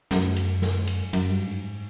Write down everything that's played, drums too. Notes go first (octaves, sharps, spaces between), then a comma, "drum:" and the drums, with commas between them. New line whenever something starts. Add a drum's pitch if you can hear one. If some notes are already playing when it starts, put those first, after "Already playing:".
F#2, drum: snare
drum: cymbal
drum: snare
drum: cymbal
F#2, drum: cymbal
G2
G#2